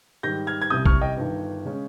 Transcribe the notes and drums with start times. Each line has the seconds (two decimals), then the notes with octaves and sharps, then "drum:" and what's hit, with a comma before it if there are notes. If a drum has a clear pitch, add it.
0.23 G#2 D#3 G3 G6 A#6
0.47 F6 G#6
0.62 G#6
0.70 C2 C3 G3 D#6 G6
0.86 C#6 F6, drum: kick A#1
1.01 D#5 G5
1.17 G1 G2 D#3
1.65 C#3 G#3 C#4